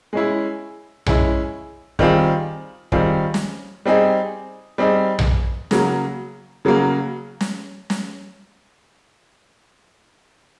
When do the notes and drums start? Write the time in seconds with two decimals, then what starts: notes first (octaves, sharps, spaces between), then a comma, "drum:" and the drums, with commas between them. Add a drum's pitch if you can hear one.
0.13 G#3 C#4 E4
1.06 G#3 C#4 E4, drum: tom B1
1.99 D#3 G3 C4 F4 G#4, drum: kick
2.92 D#3 G3 C4 F4 G#4, drum: kick
3.34 drum: snare
3.85 G3 C4 D#4 G#4
4.78 G3 C4 D#4 G#4
5.19 drum: tom B1
5.71 C#3 F#3 A#3, drum: snare
6.65 C#3 F#3 A#3
7.41 drum: snare
7.90 drum: snare